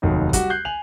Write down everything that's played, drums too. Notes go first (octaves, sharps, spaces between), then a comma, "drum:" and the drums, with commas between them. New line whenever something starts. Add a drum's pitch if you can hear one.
F1 D#2 F#3 D#4
G3 F#4 G4, drum: kick, hi-hat
F#6 G6 C7
G#5 F7 F#7